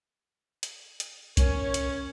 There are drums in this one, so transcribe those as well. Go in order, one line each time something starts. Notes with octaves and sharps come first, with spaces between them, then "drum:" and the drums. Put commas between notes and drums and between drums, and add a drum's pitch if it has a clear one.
drum: hi-hat
drum: hi-hat
C#4 A#4 C#5, drum: kick B1, hi-hat
drum: hi-hat